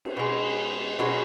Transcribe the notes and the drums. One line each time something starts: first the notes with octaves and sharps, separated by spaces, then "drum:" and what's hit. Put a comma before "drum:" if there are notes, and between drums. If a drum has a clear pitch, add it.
drum: cymbal
B2 G#3
B2 F#3 G#3 F#4, drum: cymbal